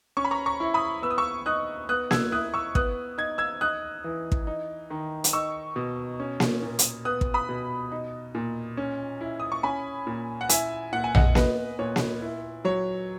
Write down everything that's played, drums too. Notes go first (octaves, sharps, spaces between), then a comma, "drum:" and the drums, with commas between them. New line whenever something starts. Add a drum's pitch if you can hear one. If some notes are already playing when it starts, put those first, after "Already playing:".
C#4 C#6
B5
A#5 C#6
A#5 C#6
E4
B5 D#6
B3 E6
D#6
C#6 E6
D#4 D#6 F#6
B3 D#6 F#6
E6 G#6, drum: snare A#3
E4 D#6 F#6
C#6 E6
B3 D#6 F#6, drum: kick
D#4 G#6
E6 G#6
D#4 D#6 F#6
E3
drum: kick
D#4
D#3
drum: hi-hat
D#4 C#6 E6
B2
C#4
drum: snare A#3
A#2
drum: hi-hat
B3 D#6 F#6
drum: kick
B5 D#6
B2
D#4
A#2
C#4
E4
D#6
C#6
C#4 G#5 B5
A#2
F#5
E4 E5 G#5, drum: hi-hat
A#2 F#5
G#5
D#5 F#5, drum: tom A#1
B3 B4 D#5, drum: snare A#3
A#2 C#5
drum: snare A#3
E4
F#3 C#5